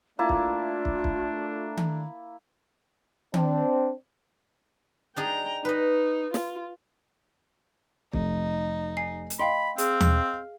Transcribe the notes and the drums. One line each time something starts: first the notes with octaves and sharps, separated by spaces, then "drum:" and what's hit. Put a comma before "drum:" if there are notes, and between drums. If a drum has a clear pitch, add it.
A3 A#3 D4 E4 F4 A5
drum: kick
drum: kick
drum: kick
drum: tom D#3
C4 D4, drum: tom D#3
D4 D#4 G#4 G5 A#5
D#4 B4 D#5
F4, drum: snare
F1 D#4, drum: kick
G#5 C7
drum: hi-hat
D#5 F5 G5 B5 C6
C4 G#4 F5, drum: hi-hat
drum: tom D#2